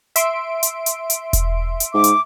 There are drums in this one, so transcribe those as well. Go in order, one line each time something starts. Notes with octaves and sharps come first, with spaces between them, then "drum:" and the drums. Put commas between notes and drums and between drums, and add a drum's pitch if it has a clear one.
E5 C6 D7, drum: hi-hat
drum: hi-hat
drum: hi-hat
drum: hi-hat
drum: kick E1, hi-hat
drum: hi-hat
G#2 D6
drum: hi-hat